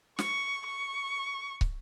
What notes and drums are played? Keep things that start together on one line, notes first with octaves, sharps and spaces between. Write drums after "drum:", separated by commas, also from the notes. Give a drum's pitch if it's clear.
C#6, drum: snare
C#6
drum: kick